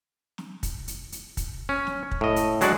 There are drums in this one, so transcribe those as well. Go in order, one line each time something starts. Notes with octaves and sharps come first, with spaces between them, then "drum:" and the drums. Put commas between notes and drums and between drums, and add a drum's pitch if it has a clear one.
drum: snare
drum: kick, hi-hat
drum: hi-hat
drum: hi-hat
drum: kick, hi-hat
C#4
drum: snare
drum: kick
A2 D#5
drum: hi-hat
F#3 G#3 D4 F#4 D5, drum: hi-hat